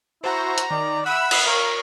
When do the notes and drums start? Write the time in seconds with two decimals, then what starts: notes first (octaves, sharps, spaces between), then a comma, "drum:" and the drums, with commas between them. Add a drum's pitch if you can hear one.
0.24 E4 F#4 C5 A#5
0.58 drum: hi-hat
0.71 D#3 D5
1.06 E5 F#5 B5 E6
1.31 drum: cymbal
1.46 A#4 C#5 F5